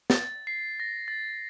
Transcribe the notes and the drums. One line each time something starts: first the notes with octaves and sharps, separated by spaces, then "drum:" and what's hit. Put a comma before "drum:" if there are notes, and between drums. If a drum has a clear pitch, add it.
A6, drum: snare
C7
A#6
A6